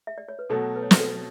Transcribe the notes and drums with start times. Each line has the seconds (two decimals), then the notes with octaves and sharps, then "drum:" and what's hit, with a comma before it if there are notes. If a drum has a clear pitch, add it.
0.07 E5
0.18 D5
0.28 C#5
0.39 B4
0.50 B2 F#3 A3 A4
0.76 B4
0.83 C#5
0.91 B4, drum: snare
1.00 A4 C#5